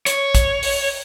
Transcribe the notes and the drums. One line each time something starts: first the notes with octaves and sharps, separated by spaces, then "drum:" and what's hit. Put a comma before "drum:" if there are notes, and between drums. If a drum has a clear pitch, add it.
C#5, drum: hi-hat
drum: kick, hi-hat
drum: open hi-hat